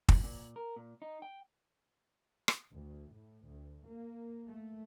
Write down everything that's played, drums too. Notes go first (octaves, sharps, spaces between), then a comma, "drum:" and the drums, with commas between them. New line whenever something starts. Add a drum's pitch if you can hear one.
drum: kick
A#2
A#4
A#2
D#4
G5
drum: rim click
D2
A2
D2
A#3
A3